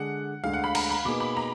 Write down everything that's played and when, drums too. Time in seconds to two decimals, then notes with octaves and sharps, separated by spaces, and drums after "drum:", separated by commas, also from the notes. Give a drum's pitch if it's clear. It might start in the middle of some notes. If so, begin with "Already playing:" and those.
Already playing: D3 G#3 D4 G#4 F#5
0.43 D2 D3 G#3 F5
0.53 F#5
0.64 B5
0.75 A#5, drum: cymbal
0.90 B5
1.05 B2 A#3 D#4 G#4 B4 D6
1.20 B5
1.37 A#5